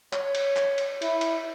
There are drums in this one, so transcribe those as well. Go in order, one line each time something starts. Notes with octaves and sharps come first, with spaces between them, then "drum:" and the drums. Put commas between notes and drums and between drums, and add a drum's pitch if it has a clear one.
C#5, drum: clap
drum: cymbal
drum: clap
drum: cymbal
E4, drum: cymbal
drum: cymbal